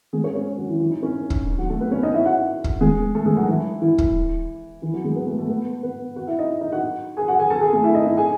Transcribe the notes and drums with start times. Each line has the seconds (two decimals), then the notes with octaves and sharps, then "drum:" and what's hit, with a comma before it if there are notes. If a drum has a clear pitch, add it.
0.13 G#3 G#4
0.24 C#4 C#5
0.35 C#4 C#5
0.58 F#3 F#4
0.69 E3 E4
0.80 E3 E4
0.91 D#4
1.03 C#4
1.30 drum: kick
1.47 D#4
1.58 F#3 F#4
1.69 A3 A4
1.80 B3 B4
1.91 C#4 C#5
2.03 D#4 D#5
2.14 E4 E5
2.25 F#4 F#5
2.64 drum: kick
2.81 G#3 G#4
3.15 A3 A4
3.26 G#3 G#4
3.37 F#3 F#4
3.48 E3 E4
3.82 E3 E4
3.98 drum: kick
4.82 E3 E4
4.93 F#3 F#4
5.04 G#3 G#4
5.15 B3 B4
5.27 A3 A4
5.38 A3 A4
5.49 B3 B4
5.83 B3 B4
6.16 F#4 F#5
6.27 E4 E5
6.38 D#4 D#5
6.61 D#4 D#5
6.72 F#4 F#5
7.17 G#4 G#5
7.28 F#4 F#5
7.39 G#4 G#5
7.50 A4 A5
7.61 G#4 G#5
7.73 A3 A4
7.84 E4 E5
7.95 D#4 D#5
8.06 E4 E5
8.17 G#4 G#5